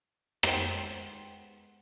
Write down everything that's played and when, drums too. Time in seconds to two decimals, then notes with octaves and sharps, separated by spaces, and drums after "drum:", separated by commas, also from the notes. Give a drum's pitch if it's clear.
0.43 G#3 B3 C#4 C5 G5, drum: rim click